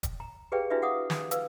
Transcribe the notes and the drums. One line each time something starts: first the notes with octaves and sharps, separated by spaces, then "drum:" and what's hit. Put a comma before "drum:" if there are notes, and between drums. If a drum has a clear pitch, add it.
drum: kick E1, hi-hat
A#5
G4 G#4 B4 D5 F5 G5
D4 E4 F#4 B4 D5 E5
F5 F#5 D6 D#6
drum: snare
B4 F5 E6, drum: hi-hat